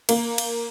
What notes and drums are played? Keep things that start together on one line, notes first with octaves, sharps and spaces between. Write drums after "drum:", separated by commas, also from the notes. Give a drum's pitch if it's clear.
A#3, drum: cymbal
drum: cymbal